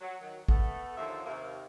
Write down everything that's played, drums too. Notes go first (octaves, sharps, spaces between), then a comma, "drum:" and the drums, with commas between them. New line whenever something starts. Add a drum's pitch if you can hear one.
F#3
D#3 F#3
A3 B3, drum: kick
D#2 A2 D3 F3 C5 E5
D#2 C3 A#3